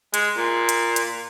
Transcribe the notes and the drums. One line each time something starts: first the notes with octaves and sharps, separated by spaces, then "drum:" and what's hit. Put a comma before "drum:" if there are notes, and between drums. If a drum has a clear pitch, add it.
G#3, drum: hi-hat
A#2
drum: hi-hat
drum: hi-hat